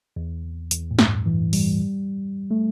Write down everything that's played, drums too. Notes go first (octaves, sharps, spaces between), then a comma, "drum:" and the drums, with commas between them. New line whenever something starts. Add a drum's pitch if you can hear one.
E2
E2, drum: hi-hat
A2
G2, drum: snare
E3
G3, drum: open hi-hat
A3